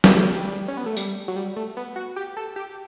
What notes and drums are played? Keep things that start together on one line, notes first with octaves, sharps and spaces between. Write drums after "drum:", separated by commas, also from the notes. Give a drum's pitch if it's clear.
B3, drum: snare
A3
G3
C#4
B3
A3
G3, drum: tambourine
F#3
G3
A3
B3
F#4
G4
A4
G4